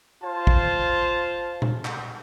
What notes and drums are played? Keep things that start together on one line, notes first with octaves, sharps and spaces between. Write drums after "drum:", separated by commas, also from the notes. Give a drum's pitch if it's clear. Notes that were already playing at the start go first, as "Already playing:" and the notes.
F4 C5 A5
drum: kick
drum: tom A#2
drum: clap